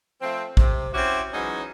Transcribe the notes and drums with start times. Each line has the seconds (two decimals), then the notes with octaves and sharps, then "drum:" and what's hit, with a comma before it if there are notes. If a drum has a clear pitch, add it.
0.21 F3 A3 C4
0.57 C3, drum: kick
0.94 C4 C#4 E4 F#4 G4
1.33 E3 F#3 G#3 C#4 D#4